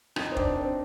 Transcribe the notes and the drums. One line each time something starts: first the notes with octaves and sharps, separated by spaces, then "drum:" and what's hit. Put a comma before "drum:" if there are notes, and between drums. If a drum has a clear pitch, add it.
D#4, drum: rim click
C4
D4, drum: kick F1
C4